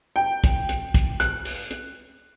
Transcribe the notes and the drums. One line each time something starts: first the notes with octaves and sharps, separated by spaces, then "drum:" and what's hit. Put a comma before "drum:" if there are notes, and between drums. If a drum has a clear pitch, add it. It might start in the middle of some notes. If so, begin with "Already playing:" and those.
G5
drum: kick, hi-hat
drum: hi-hat
drum: kick, hi-hat
F#6, drum: hi-hat
drum: open hi-hat
drum: hi-hat